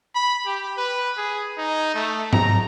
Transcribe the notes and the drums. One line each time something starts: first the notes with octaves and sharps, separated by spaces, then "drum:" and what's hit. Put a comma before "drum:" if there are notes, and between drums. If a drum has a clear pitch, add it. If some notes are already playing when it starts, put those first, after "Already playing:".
B5
G4
B4
G#4
D#4
A3
A#5, drum: tom G#2